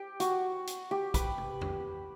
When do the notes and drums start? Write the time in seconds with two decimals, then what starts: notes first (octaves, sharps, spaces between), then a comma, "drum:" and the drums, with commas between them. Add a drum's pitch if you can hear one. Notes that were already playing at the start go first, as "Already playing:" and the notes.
Already playing: G4
0.20 F#4, drum: hi-hat
0.67 drum: hi-hat
0.91 G4
1.14 B4, drum: kick, hi-hat
1.38 drum: tom C3
1.61 drum: tom E2